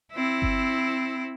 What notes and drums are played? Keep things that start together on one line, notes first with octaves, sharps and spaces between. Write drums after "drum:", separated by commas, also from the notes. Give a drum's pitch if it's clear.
C4 E4
drum: kick G1